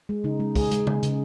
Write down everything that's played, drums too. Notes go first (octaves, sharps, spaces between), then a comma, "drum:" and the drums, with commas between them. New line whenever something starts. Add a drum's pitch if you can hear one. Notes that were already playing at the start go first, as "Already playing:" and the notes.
G#3
C#3 D#4
G#3
G#3 G#4, drum: kick, open hi-hat
G#3, drum: hi-hat
G#3, drum: tom C#3
C#3, drum: hi-hat